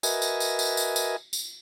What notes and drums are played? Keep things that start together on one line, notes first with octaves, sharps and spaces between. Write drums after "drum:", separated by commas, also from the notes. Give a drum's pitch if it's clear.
F#4 A#4 B4 D#5 E5 G#5, drum: tambourine
drum: tambourine
drum: tambourine
drum: tambourine
drum: tambourine
drum: tambourine
drum: tambourine